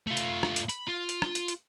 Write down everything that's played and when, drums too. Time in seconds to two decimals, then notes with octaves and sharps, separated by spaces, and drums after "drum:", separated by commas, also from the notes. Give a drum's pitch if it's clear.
0.07 A3 F4
0.17 drum: hi-hat
0.43 drum: rim click
0.56 drum: hi-hat
0.69 B5, drum: hi-hat
0.88 F4
1.09 drum: hi-hat
1.22 drum: rim click
1.35 drum: hi-hat
1.48 drum: hi-hat